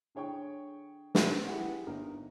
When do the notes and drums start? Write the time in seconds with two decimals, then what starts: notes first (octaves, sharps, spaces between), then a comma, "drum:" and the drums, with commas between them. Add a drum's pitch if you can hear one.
0.15 D3 G#4 C#5 G5 C#6
1.15 drum: snare
1.47 E4 G4 G#4 B4 F#5
1.87 G1 D3 D#4 A#4